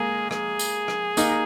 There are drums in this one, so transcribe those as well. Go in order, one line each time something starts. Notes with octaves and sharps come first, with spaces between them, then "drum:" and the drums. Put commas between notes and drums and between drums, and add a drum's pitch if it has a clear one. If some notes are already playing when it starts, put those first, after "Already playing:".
Already playing: G#3 A#3 G#4
G#4, drum: rim click
drum: tambourine
drum: rim click
A#3 D#4, drum: tambourine